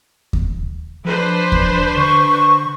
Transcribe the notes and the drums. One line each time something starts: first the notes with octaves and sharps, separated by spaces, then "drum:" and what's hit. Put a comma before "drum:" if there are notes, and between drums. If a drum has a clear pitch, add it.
drum: kick D#2
F3 D4 B4 C5
drum: kick D#2
D3 C#6